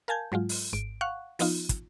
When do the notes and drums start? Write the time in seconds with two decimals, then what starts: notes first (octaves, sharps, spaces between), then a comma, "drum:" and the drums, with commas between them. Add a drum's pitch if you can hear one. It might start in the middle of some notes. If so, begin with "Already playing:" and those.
0.08 A#4 F5 G#5 A5 G6 G#6
0.32 G#2 F#3 G#3 F4
0.49 drum: open hi-hat
0.73 G#1 G#2 D7
1.01 F5 F#5 C#6 F#6
1.39 F3 B3 D#4 F4, drum: open hi-hat
1.69 drum: kick, hi-hat